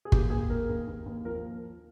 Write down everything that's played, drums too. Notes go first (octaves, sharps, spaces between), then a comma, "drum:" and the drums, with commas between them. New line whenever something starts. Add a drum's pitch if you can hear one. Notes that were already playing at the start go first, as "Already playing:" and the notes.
G#4
D#2 G4, drum: kick G1
D#2 G#4
D#2 A#4
D#2
D#2
D#2
F3 A#4